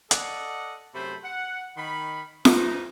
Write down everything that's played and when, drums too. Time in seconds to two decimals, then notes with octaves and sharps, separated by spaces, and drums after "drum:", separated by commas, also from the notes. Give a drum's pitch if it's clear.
0.11 A4 D5 D#5 F#5, drum: hi-hat
0.94 F#2 C3 A3 C5 B5
1.24 F#5
1.77 D#3 B5
2.45 E3 D#4, drum: snare